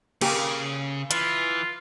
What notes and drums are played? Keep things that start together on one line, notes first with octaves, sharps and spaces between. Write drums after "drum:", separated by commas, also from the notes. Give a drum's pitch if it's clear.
C#3 A#3 G4 A#4, drum: cymbal
E3 F4, drum: hi-hat